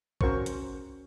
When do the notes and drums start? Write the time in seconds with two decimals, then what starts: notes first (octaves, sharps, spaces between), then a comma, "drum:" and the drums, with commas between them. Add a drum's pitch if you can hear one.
0.21 C#4 F#4 A#4 C5 C#6, drum: kick
0.46 drum: hi-hat